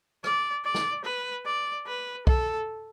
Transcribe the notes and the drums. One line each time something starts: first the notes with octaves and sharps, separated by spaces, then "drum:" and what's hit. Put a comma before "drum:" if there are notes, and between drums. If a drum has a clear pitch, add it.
D5, drum: rim click
D5
drum: snare
B4
D5
B4
A4, drum: kick B1